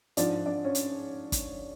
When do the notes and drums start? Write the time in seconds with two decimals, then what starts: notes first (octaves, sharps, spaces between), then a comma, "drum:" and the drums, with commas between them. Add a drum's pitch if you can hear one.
0.17 G#2 F3 D4, drum: hi-hat
0.46 D4
0.65 C#4
0.75 drum: hi-hat
1.32 drum: kick, hi-hat